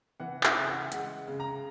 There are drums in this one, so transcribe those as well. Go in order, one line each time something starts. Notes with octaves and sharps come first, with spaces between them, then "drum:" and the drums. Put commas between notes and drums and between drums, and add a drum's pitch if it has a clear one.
E3 F#5
E5, drum: clap
C#3
F#5
G#3 F#5, drum: hi-hat
C#3
A#5